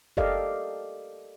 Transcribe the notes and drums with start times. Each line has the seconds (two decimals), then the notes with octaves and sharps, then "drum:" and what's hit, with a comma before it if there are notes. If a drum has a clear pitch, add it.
0.17 G4 A4 A#4 D5 D#5 F5, drum: kick F#1